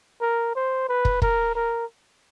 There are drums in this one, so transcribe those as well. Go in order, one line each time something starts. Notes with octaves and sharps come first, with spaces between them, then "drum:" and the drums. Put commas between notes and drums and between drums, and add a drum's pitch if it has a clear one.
A#4
C5
B4
drum: kick
A#4, drum: kick
A#4